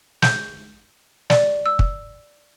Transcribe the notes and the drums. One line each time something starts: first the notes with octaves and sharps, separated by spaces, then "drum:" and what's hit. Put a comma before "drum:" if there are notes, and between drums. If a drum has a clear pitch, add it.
G6, drum: snare
D5, drum: snare
E6
drum: kick